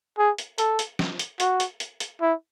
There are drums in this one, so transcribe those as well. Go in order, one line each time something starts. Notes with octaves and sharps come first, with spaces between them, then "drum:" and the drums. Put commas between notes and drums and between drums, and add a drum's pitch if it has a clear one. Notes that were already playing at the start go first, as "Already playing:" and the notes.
G#4
drum: hi-hat
A4, drum: hi-hat
drum: hi-hat
drum: snare
drum: hi-hat
F#4, drum: hi-hat
drum: hi-hat
drum: hi-hat
drum: hi-hat
E4